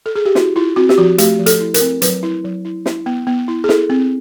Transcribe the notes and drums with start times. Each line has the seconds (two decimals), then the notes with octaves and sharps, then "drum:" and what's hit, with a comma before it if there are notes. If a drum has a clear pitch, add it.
0.06 A4
0.15 G#4
0.25 G4
0.35 E4 F#4, drum: snare
0.56 E4 F4
0.76 C4 F#4
0.89 G4, drum: snare
0.98 F3 F#4
1.18 A3 G4, drum: hi-hat
1.39 F3
1.46 A4, drum: hi-hat
1.60 E4
1.74 A#4, drum: hi-hat
1.81 C4
2.02 F#3 B4, drum: hi-hat
2.23 E4
2.44 F#3
2.65 E4
2.86 E4, drum: snare
3.06 B3
3.27 B3
3.48 E4
3.64 G#4
3.69 E4 A4, drum: snare
3.90 C4